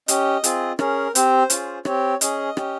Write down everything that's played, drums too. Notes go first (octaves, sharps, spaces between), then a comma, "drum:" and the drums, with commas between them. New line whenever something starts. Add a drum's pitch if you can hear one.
C#4 G4 D#5, drum: hi-hat
C4 F4 G#4, drum: hi-hat
C#4 G#4 A#4, drum: rim click
C4 G4 C5, drum: hi-hat
C#4 F4 G#4, drum: hi-hat
C4 G4 C#5, drum: rim click
C#4 G#4 D#5, drum: hi-hat
C#4 G4, drum: rim click